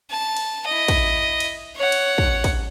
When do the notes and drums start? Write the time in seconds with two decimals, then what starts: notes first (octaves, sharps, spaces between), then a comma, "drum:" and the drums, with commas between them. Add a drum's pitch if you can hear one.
0.11 A5
0.37 drum: cymbal
0.66 E4 D#5
0.88 drum: kick, cymbal
1.40 drum: cymbal
1.76 C#5 F#5
1.92 drum: cymbal
2.18 drum: kick
2.44 drum: kick, cymbal